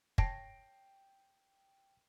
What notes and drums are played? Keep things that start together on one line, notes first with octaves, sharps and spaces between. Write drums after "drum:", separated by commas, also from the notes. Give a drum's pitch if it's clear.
C#5 G5 A5 A#6 C7 D7, drum: kick